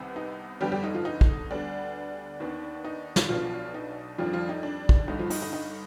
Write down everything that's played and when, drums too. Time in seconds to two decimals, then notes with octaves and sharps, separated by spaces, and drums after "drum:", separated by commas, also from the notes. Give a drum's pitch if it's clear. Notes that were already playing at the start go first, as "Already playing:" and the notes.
Already playing: C2 C3 D#3 B3
0.16 D#4
0.61 G1 F2 D3 G3 B3 G4
0.72 G3 G4
0.84 D#4
0.95 F3 F4
1.05 D#4
1.21 drum: kick
1.51 D2 D3 G3 B3 D4
2.40 D#2 D#3 B3 D4
2.85 D#4
3.16 drum: snare
3.29 B1 B2 F3 B3 D4 F4
3.74 D#4
4.18 F2 D#3 F3 G3 D4 F4
4.33 F3 F4
4.49 D#4
4.63 D4
4.89 drum: kick
5.07 G1 G2 D3 D#4
5.19 F3 F4
5.30 D#4, drum: open hi-hat
5.42 D#4
5.53 D#4